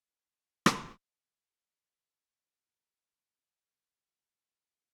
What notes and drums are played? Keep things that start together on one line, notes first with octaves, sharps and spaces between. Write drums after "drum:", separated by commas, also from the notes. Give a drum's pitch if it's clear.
F3 A4 B4
drum: rim click
B5 F#6 G#6